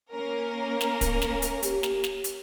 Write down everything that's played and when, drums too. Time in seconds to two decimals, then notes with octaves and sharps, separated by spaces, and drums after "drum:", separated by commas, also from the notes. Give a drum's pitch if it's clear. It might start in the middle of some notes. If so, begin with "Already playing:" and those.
0.12 A#3 C#4 A#4
0.81 drum: snare
1.01 drum: kick, hi-hat
1.22 drum: snare
1.42 drum: hi-hat
1.63 G4, drum: hi-hat
1.83 drum: snare
2.04 drum: snare
2.24 drum: hi-hat